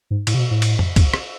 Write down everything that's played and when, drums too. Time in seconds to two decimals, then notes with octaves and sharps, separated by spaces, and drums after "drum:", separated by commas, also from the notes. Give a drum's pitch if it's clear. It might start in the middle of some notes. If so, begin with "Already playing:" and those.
0.10 G#2
0.27 A2, drum: cymbal
0.34 C3
0.39 B2
0.51 A2
0.62 drum: cymbal
0.79 drum: tom F2
0.96 drum: kick, cymbal
1.14 drum: rim click